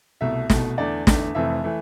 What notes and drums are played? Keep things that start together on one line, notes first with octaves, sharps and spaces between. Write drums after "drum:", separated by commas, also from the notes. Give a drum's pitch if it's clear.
C2 B2 A3 E5
C2 B2 A3, drum: snare
E2 D3 A3 D5
E2 D3 A3, drum: snare
F1 F2 E3 A3 E5
E3 A3